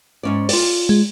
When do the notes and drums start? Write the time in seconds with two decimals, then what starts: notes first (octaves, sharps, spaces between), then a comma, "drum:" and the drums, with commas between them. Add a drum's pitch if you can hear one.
0.23 G#2 C#4 D5
0.49 F4 D5, drum: open hi-hat
0.89 G#3